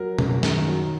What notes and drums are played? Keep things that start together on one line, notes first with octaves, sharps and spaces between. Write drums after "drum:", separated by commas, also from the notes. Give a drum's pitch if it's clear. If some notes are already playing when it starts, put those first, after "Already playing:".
Already playing: F#3 A#4
F#2, drum: tom B2
D#3, drum: snare
F#3